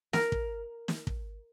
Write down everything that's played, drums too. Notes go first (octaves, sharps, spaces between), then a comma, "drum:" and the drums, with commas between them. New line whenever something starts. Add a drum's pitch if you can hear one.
A#4, drum: snare
drum: kick
drum: snare
drum: kick